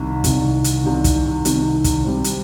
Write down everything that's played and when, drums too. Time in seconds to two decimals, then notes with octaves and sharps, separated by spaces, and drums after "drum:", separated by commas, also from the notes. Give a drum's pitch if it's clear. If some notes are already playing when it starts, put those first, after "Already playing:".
Already playing: C2 C3 D#3
0.24 C2 C3 D#3, drum: kick, hi-hat
0.64 drum: hi-hat
0.84 C2 C3 D#3
1.04 drum: kick, hi-hat
1.45 C2 C3 D#3, drum: hi-hat
1.84 drum: kick, hi-hat
2.04 C3 G3 C4
2.24 drum: hi-hat